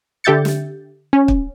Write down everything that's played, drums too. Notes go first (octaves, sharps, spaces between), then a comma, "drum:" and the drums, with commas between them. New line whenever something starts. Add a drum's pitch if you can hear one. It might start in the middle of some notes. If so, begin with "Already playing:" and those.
D3 G4 E5 G6 A6 C#7
drum: snare
C#4
drum: kick